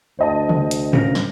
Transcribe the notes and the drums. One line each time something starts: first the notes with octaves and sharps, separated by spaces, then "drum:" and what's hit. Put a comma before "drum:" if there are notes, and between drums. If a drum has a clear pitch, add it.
D2 C5 D#5 A5
drum: tom C3
drum: hi-hat
C#3 A#4, drum: tom G#2
drum: snare